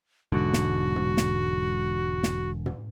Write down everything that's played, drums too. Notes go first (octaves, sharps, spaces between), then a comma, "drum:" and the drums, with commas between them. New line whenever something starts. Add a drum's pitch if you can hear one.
E1 G#2 D3 F#4
drum: snare
drum: tom
drum: snare
drum: snare
drum: tom